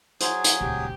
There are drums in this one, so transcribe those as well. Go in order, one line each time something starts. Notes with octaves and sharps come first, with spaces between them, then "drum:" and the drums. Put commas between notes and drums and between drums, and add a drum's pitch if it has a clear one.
F#3 G#4 C5 C6, drum: hi-hat
drum: hi-hat
D#1 C#2 G4